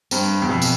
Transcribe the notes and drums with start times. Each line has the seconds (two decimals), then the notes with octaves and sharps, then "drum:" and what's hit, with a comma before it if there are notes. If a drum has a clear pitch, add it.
0.11 G2 C4, drum: tambourine
0.42 E2
0.49 F2 B2
0.62 drum: tambourine